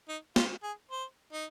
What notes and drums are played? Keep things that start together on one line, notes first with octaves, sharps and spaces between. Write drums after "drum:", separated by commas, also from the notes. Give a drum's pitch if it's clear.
D#4
F4, drum: snare
G#4
C5
D#4